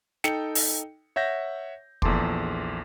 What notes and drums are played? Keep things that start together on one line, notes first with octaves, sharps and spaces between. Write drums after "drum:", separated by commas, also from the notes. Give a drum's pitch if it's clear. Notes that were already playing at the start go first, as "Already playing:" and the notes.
D#4 A4 G5 C#7, drum: snare
drum: open hi-hat
C#5 E5 F#5 G6 A#6
A#1 E2 A4 A5 C6 D6, drum: kick